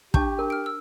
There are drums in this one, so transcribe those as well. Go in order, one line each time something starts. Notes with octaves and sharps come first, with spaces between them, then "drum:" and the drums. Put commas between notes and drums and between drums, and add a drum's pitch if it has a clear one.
D4 G4 A5 C#6 G6, drum: kick
A#4
F6 D7
E6